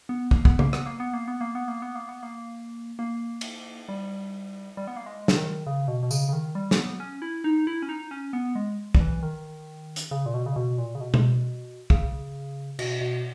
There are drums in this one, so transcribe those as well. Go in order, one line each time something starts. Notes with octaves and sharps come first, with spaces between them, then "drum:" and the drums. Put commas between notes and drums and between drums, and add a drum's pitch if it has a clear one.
B3
A#3, drum: kick
B3, drum: kick
A#3, drum: tom C#3
B3, drum: rim click
A#3
B3
A#3
B3
A#3
B3
A#3
B3
A#3
B3
A#3
A#3
drum: cymbal
G3
G3
B3
A#3
G#3
C#3, drum: snare
D#3
C#3
B2
B2
C#3, drum: tambourine
C#3
D#3
G3
A#3, drum: snare
B3
C#4
E4
D#4
E4
C#4
D#4
C#4
B3
G#3
G3, drum: kick
E3
D#3
drum: hi-hat
C#3
A#2
B2
C#3
B2
A#2
C#3
B2
drum: tom B2
C#3, drum: kick
B2, drum: cymbal
B2